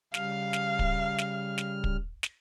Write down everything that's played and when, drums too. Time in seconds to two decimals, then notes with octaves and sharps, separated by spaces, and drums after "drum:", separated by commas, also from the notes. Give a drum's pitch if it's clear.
0.14 C#3 G3 F5 F6, drum: snare
0.53 drum: snare
0.79 drum: kick
1.18 drum: snare
1.58 drum: snare
1.84 drum: kick
2.23 drum: snare